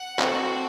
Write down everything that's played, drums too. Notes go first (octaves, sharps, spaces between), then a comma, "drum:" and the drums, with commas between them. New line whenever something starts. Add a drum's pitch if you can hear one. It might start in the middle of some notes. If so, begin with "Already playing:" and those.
Already playing: F#5
C4 F#4 A4, drum: clap